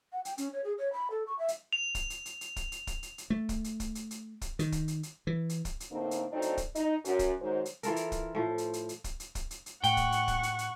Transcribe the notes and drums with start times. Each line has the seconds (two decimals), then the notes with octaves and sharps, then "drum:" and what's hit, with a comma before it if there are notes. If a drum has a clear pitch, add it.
0.12 F#5
0.25 G5, drum: hi-hat
0.38 C#4, drum: hi-hat
0.53 C#5
0.64 G#4
0.78 C#5
0.93 B5
1.11 A4
1.27 C#6
1.39 E5
1.48 drum: hi-hat
1.73 F7
1.95 drum: kick, hi-hat
2.10 drum: hi-hat
2.25 drum: hi-hat
2.41 drum: hi-hat
2.56 drum: kick, hi-hat
2.72 drum: hi-hat
2.87 drum: kick, hi-hat
3.03 drum: hi-hat
3.18 drum: hi-hat
3.30 A3
3.49 drum: kick, hi-hat
3.64 drum: hi-hat
3.80 drum: kick, hi-hat
3.95 drum: hi-hat
4.11 drum: hi-hat
4.41 drum: kick, hi-hat
4.59 D#3, drum: hi-hat
4.72 drum: kick, hi-hat
4.88 drum: hi-hat
5.03 drum: hi-hat
5.27 E3
5.49 drum: hi-hat
5.65 drum: kick, hi-hat
5.80 drum: hi-hat
5.91 A2 D3 A#3 C4 D#4
6.11 drum: hi-hat
6.32 A2 F#3 C4 D4 D#4
6.42 drum: hi-hat
6.57 drum: kick, hi-hat
6.75 D#4, drum: hi-hat
7.05 F#2, drum: hi-hat
7.19 drum: kick, hi-hat
7.41 G#2 D#3 F#3 G#3 C5
7.65 drum: hi-hat
7.83 E3 F4 A4 A#4, drum: hi-hat
7.96 drum: hi-hat
8.12 drum: kick, hi-hat
8.35 A2 F3
8.58 drum: hi-hat
8.73 drum: hi-hat
8.89 drum: hi-hat
9.04 drum: kick, hi-hat
9.20 drum: hi-hat
9.35 drum: kick, hi-hat
9.51 drum: hi-hat
9.66 drum: hi-hat
9.84 A2 F#5 G5 C#6, drum: hi-hat
9.97 drum: kick, hi-hat
10.12 drum: hi-hat
10.28 drum: kick, hi-hat
10.43 drum: hi-hat
10.59 drum: hi-hat